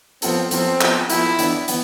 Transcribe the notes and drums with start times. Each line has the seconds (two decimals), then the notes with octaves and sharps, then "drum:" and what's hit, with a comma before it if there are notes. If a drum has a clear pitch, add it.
0.22 F3 B3 C4 F4 A4, drum: hi-hat
0.51 F3 B3 C4 F4 A4, drum: hi-hat
0.81 F3 B3 F4 A4, drum: clap
1.10 F3 B3 E4 F4 A4, drum: hi-hat
1.39 E3 B3 D4, drum: hi-hat
1.68 E3 B3, drum: hi-hat